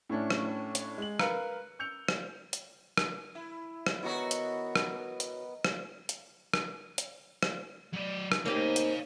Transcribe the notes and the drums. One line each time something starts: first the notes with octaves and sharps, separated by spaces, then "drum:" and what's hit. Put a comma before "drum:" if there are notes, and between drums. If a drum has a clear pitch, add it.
A2 A3 C#4 D4
drum: rim click
drum: hi-hat
G#3 F#7
A#4 B4 F5 F#6 C#7, drum: rim click
E6 G6 C#7 F7
drum: rim click
drum: hi-hat
drum: rim click
E4
drum: rim click
D#3 B3 E4 F#4 C#5 D#5 A#5
drum: hi-hat
drum: rim click
drum: hi-hat
drum: rim click
drum: hi-hat
drum: rim click
drum: hi-hat
drum: rim click
F#3 D5
drum: rim click
A#3 C4 D#4 G4 C#5 F5
drum: hi-hat